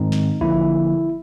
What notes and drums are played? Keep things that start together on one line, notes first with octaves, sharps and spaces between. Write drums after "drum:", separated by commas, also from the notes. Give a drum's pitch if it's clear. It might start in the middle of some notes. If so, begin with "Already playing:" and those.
Already playing: G#2 D#3 G#3 C4 D#4
drum: snare
D3 F3 A#3 E4, drum: kick A1